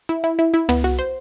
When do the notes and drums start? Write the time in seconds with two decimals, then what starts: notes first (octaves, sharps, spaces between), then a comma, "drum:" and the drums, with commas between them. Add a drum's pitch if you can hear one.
0.09 E4
0.24 E4
0.39 E4
0.54 E4
0.69 B3, drum: tom
0.84 F#4
0.99 C5